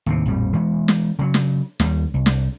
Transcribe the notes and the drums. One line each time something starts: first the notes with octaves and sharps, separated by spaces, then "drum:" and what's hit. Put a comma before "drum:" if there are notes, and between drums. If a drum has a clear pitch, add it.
D#2 A2 C3
A#1 F2 A2 G3
E3 G#3 B3
drum: snare
C#3 F#3
drum: snare
D#2 G3, drum: snare
C2
drum: snare